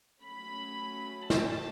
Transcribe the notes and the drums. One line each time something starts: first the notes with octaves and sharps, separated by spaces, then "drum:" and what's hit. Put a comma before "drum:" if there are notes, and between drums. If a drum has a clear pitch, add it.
F#3 A3 C#4 B5
A5, drum: snare